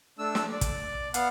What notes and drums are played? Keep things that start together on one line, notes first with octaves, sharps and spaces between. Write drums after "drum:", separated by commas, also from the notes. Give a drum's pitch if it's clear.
A3 D4 E6
drum: snare
D5
drum: kick, hi-hat
B3 F5 F#5, drum: hi-hat